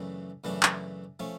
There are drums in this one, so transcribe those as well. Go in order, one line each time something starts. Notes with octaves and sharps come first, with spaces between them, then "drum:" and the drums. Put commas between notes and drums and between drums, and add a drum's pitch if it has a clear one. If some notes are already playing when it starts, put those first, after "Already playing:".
Already playing: F#2 C#3 E3 A3 D4
F#2 C#3 E3 A3 D4
drum: clap
F3 A3 C#4